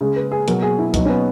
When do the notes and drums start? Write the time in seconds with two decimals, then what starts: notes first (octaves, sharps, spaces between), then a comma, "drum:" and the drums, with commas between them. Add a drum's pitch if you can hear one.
0.01 C#3 G#3
0.16 B4
0.32 G#4
0.48 B2 F#3 A#4, drum: hi-hat
0.62 G#4
0.79 E4
0.94 B2 F#3 D#4, drum: kick C#2, hi-hat
1.05 C#4
1.10 B3